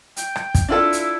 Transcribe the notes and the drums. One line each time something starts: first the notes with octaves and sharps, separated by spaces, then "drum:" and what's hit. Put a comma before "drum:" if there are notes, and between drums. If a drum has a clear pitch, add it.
G5, drum: hi-hat
drum: rim click
drum: kick, hi-hat
D4 E4 F4 A4
drum: hi-hat